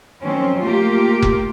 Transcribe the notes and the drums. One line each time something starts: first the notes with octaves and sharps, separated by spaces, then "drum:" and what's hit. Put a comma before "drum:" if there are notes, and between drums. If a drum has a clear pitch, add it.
D#3 F3 F#3 C4 C#4
A3 A#3 F4 G4 A#4
drum: kick F1